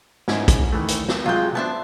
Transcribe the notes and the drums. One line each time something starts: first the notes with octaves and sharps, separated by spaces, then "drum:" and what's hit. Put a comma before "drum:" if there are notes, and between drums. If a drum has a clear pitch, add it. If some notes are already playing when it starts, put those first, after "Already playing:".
G#2 C#4 E4, drum: snare
drum: kick, hi-hat
D#3 E3 A3
drum: hi-hat
drum: snare
C3 F#3 G#3 F4 G5
B3 D4 C5 E5 A5